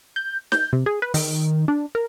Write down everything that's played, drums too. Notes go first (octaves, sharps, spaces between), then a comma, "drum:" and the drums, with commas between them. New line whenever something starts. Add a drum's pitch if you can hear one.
G6
G6, drum: snare
C3
G#4
B4
D#3, drum: open hi-hat
D4
A#4